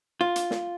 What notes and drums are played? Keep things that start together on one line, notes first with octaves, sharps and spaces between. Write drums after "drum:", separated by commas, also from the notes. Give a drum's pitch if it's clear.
F4
drum: hi-hat
drum: snare